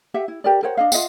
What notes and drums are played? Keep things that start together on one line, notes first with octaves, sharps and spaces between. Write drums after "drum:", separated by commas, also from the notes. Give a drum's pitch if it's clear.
G4 E5 F#5
E4
G4 A#4 D5
A#4 C5 C#5 F#5
D4 D#5 F5
F4 D#5 E5 F#5, drum: tambourine